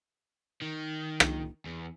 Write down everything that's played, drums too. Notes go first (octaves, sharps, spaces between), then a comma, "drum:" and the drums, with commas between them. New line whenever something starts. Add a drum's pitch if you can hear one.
D#3
drum: rim click
E2